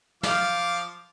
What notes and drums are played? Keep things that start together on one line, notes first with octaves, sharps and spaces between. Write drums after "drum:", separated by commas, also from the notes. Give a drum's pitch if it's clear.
F3 F5 D6, drum: snare